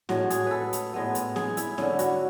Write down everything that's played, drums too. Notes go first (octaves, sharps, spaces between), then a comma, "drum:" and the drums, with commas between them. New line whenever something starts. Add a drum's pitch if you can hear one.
A2 G#3 C#4 F#4, drum: snare C4
G#4, drum: hi-hat
A4 B4
drum: hi-hat
A2 G#3 B3
drum: hi-hat
G#4, drum: snare C4
E4, drum: hi-hat
D3 A3 C#4 E4, drum: snare C4
F#4, drum: hi-hat